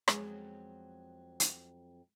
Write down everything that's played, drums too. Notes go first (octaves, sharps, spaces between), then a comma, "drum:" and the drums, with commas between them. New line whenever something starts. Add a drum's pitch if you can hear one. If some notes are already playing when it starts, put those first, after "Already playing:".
F2 F#3 G#3 B3 G#4, drum: rim click
drum: hi-hat